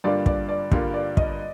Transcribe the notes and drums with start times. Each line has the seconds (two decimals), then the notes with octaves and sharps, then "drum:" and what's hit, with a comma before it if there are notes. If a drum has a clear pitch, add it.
0.04 G2 D3 G3 A#3 F4 D5
0.26 D5, drum: kick
0.49 D5
0.71 G2 D3 G3 A#3 F4, drum: kick
0.94 D5
1.17 D#5, drum: kick